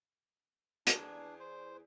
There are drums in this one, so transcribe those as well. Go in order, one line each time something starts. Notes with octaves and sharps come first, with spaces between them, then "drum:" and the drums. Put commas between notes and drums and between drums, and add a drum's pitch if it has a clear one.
E2 D4 E4 G#4, drum: hi-hat
C5